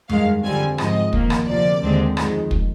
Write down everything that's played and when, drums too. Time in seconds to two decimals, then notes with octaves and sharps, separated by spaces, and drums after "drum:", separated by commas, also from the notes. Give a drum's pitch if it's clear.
0.09 G2 D#3 G#3 F5, drum: tom F2
0.44 F2 D3 G3 C4 G#5
0.78 G#2 F3 G#3 C4 D#5, drum: rim click
1.13 F2 D#3 A#3, drum: kick
1.30 drum: rim click
1.47 D2 C3 F3 A#3 D5
1.82 D#2 D3 G#3 C4
2.17 F2 D#3 G#3, drum: rim click
2.51 drum: kick